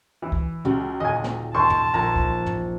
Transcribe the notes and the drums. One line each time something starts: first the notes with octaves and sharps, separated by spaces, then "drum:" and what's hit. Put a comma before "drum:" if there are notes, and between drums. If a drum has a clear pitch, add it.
E3
drum: kick
C#2 F#4, drum: tom
D#1 D#5 G#5
drum: snare
D#2 A5 C6 C#6
drum: tom
A#1 A#2 A#5 G#6
drum: kick
drum: tom